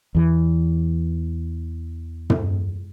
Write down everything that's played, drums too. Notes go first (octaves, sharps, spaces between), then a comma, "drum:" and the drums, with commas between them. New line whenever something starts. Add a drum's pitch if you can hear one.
E2 E3
drum: tom